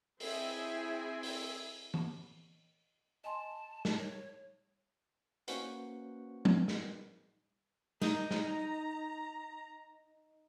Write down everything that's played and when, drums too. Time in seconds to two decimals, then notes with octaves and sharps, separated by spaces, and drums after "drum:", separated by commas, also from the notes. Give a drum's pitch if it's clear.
0.20 C4 E4 G#4 E5 G#5, drum: open hi-hat
1.23 drum: open hi-hat
1.94 drum: tom E3
3.24 D#5 G#5 A5 C6
3.85 drum: snare
3.98 C#5
5.48 A#3 C#4 F#4 B4 C5 F#5, drum: hi-hat
6.45 drum: tom F3
6.68 drum: snare
8.01 D#4 A#5, drum: snare
8.31 drum: snare